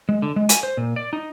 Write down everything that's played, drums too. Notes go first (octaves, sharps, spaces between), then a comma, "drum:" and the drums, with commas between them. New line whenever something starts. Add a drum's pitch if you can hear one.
G#3
D3
G#3
G#5, drum: hi-hat
C5
A#2
D5
D#4